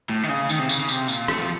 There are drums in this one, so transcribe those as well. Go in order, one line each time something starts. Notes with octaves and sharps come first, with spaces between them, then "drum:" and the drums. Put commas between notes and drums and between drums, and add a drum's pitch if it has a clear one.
A2
D#3
C#3
D#3, drum: tambourine
C3
C#3, drum: tambourine
C#3
C3, drum: tambourine
A#2, drum: tambourine
A3, drum: rim click
F3